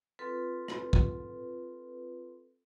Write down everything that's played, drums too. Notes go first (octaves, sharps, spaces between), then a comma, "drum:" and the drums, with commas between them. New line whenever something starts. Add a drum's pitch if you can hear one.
C4 F4 A4 B4
drum: rim click
drum: kick